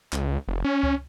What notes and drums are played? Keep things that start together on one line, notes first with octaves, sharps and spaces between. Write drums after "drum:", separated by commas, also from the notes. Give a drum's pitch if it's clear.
C#2, drum: clap
F1
C#4
drum: kick C#2